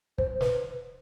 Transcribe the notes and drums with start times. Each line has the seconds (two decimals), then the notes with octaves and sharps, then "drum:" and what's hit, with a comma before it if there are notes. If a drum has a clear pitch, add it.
0.18 C5, drum: kick
0.41 B4, drum: snare